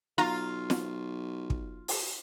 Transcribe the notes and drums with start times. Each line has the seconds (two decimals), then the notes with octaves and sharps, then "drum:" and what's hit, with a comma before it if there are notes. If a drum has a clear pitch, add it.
0.18 B1 F4 A#5
0.70 drum: snare
1.50 drum: kick
1.88 drum: open hi-hat